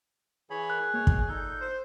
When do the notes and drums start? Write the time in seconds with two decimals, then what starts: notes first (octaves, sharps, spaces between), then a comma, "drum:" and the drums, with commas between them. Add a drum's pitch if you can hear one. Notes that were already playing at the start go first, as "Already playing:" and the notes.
0.50 E3 G#4 C#5 B5
0.70 A#4 F#6
0.94 B2 A#3 C#5
1.07 drum: kick
1.28 A#2 D#4 A4 G6
1.61 C5